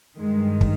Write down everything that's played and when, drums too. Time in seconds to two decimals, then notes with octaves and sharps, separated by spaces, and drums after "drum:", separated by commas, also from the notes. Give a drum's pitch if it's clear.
0.16 G2 D#3 G#3
0.61 drum: kick